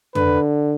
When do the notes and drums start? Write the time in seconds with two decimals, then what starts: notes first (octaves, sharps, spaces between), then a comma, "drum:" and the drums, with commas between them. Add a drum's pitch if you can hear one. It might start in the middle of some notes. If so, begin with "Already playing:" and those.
0.15 D3 B4, drum: tom